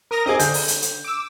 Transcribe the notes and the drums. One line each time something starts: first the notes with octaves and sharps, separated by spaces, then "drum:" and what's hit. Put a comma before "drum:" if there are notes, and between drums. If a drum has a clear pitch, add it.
A#4 D#6 A#6
C4 G#4 D#5 D6 G#6
D3 G6, drum: hi-hat
drum: open hi-hat
drum: hi-hat
drum: hi-hat
D6 E6